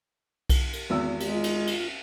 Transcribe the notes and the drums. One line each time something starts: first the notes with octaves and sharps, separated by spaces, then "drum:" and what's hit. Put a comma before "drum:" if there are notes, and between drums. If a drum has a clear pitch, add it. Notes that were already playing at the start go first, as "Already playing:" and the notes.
drum: kick B1, cymbal
drum: cymbal
G#1 E2 E6
G#3 G4, drum: cymbal
F4
drum: cymbal
drum: cymbal